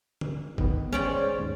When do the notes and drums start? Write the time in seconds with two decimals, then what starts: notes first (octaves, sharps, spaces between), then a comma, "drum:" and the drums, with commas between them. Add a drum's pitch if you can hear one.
0.21 drum: tom D3
0.58 D#3 B3, drum: kick
0.92 G#3 C#4 D5 G5
1.04 G#4 C5 C#5
1.39 D#2 G#2